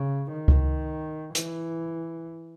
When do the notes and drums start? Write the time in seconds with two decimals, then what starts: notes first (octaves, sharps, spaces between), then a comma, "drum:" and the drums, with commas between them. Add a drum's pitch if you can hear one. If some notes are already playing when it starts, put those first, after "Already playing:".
Already playing: C#3
0.32 D#3
0.48 drum: kick C#2
1.35 E3, drum: hi-hat